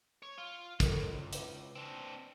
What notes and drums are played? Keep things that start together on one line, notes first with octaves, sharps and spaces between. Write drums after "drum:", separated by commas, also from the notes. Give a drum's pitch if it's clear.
C#5
F4
C#2 A4 A#4, drum: kick, hi-hat
B4 D6, drum: hi-hat
C4 D4